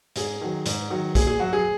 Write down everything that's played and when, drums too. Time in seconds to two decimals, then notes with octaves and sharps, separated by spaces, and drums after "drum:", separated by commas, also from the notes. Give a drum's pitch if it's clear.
0.16 G#2 G#4, drum: hi-hat
0.41 D#3 F#3
0.66 G#2, drum: hi-hat
0.90 D#3 F#3
1.15 A#2 G#4, drum: kick B1, hi-hat
1.27 G#4
1.40 F#3 F#4
1.53 G#4